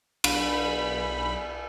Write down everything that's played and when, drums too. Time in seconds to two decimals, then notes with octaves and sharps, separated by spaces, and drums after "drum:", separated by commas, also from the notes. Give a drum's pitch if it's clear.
0.24 B1 D4 B5, drum: cymbal